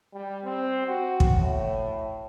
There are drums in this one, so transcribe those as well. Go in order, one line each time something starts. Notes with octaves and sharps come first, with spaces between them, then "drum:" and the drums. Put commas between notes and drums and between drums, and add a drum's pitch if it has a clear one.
G3
C4
F#4
drum: kick
A2